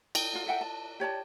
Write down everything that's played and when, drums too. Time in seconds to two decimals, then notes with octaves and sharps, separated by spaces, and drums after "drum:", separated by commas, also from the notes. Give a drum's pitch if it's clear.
0.15 G5, drum: cymbal
0.33 F4 F#4
0.46 A4 E5 F#5 G5
0.61 A5
1.00 G4 C#5 D5 A5